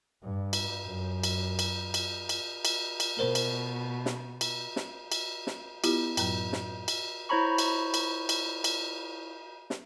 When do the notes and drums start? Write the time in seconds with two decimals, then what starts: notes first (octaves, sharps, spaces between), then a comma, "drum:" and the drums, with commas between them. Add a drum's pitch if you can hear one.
0.23 G2
0.53 drum: cymbal
0.84 F#2
1.24 drum: cymbal
1.59 drum: cymbal
1.94 drum: cymbal
2.29 drum: cymbal
2.65 drum: cymbal
3.00 drum: cymbal
3.19 B2 A#4 C5
3.35 drum: cymbal
4.06 drum: snare
4.41 drum: cymbal
4.76 drum: snare
5.12 drum: cymbal
5.47 drum: snare
5.84 B3 E4 F4 G4, drum: cymbal
6.17 F#2 A2 F#3, drum: cymbal
6.53 drum: snare
6.88 drum: cymbal
7.29 E4 C5 C#5 A#5 B5 C#6
7.58 drum: cymbal
7.94 drum: cymbal
8.29 drum: cymbal
8.64 drum: cymbal
9.70 drum: snare